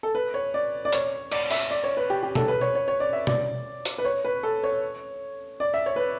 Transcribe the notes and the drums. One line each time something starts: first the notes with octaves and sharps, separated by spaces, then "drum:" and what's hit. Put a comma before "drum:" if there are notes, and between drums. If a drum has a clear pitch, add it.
A4
B4
C#5
D5
D5
C#5, drum: hi-hat
D5, drum: cymbal
E5, drum: open hi-hat
D5
C#5
B4
G4
G4
A4, drum: tom B2
B4
C#5
C#5
C#5
D5
E5
D5, drum: tom B2
drum: hi-hat
B4
C#5
B4
A4
C#5
D5
E5
C#5
B4